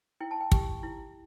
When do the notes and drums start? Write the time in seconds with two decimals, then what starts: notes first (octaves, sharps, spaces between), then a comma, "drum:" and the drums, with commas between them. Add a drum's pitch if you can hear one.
0.20 E4 G5
0.31 A5
0.41 G5
0.52 G4, drum: kick
0.83 E4